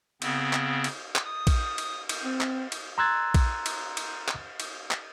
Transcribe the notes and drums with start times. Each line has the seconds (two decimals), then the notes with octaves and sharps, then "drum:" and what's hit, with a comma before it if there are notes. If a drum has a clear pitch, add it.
0.22 C#3 B3 C4, drum: cymbal
0.53 drum: clap
0.84 drum: cymbal
1.16 drum: clap
1.25 D#6
1.47 drum: kick A#1, cymbal
1.78 drum: cymbal
2.09 drum: cymbal
2.24 C4
2.41 drum: clap
2.72 drum: cymbal
2.98 A#5 C6 E6 F#6 G#6 A6
3.34 drum: kick A#1, cymbal
3.66 drum: cymbal
3.97 drum: cymbal
4.28 drum: clap
4.60 drum: cymbal
4.91 drum: clap